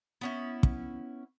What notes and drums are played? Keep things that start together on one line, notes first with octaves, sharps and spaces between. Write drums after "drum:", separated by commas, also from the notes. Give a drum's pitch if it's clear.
B3 C#4 E4
drum: kick